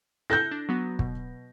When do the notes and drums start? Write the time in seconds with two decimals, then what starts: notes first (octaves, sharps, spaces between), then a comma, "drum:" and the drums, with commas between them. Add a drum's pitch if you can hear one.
0.30 E4 A4 F#6 G6 A#6
0.51 D4
0.69 F#3 B3 F#4
0.99 B2, drum: kick